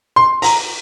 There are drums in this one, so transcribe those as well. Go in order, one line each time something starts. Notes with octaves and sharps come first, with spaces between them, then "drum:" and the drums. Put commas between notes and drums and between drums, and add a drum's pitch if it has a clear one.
C6
A#5, drum: open hi-hat